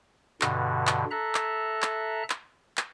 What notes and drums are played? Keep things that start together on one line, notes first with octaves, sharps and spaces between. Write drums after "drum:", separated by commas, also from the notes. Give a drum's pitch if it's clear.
G2 B2 D3, drum: clap
drum: clap
A4 E5 A#5 F#6
drum: clap
drum: clap
drum: clap
drum: clap